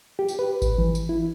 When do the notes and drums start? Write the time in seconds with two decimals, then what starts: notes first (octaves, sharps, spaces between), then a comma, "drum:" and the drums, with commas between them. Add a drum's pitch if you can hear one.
0.19 G4
0.28 drum: tambourine
0.39 B4
0.62 drum: kick G#1, tambourine
0.78 E3
0.95 drum: tambourine
1.09 E4